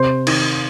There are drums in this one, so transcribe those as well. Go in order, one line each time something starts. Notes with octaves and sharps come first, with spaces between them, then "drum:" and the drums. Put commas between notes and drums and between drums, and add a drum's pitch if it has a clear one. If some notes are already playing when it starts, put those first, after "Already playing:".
Already playing: C3 C5
D#3, drum: cymbal